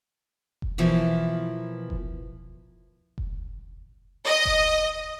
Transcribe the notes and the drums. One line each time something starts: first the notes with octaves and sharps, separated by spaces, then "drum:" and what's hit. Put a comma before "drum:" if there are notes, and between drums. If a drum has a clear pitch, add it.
drum: kick F1
B2 E3 F3 A#3 E4
drum: kick F1
drum: kick F1
D#5
drum: kick F1